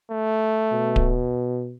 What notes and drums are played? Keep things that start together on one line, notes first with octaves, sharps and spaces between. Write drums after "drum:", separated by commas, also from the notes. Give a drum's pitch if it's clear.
A3
B2
drum: kick D1